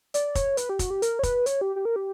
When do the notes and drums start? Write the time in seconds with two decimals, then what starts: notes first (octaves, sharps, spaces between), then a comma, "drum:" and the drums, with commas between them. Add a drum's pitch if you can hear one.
0.14 D5, drum: hi-hat
0.35 C#5, drum: kick, hi-hat
0.57 B4, drum: hi-hat
0.69 G4
0.79 F#4, drum: kick, hi-hat
0.90 G4
1.02 A#4, drum: hi-hat
1.19 C#5
1.23 B4, drum: kick, hi-hat
1.46 C#5, drum: hi-hat
1.61 G4
1.76 G4
1.85 A#4
1.96 G4